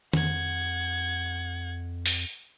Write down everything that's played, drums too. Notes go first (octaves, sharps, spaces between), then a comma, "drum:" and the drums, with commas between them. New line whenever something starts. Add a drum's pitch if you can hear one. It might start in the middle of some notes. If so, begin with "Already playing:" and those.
F2 F#5 G#6, drum: tom D#3
drum: open hi-hat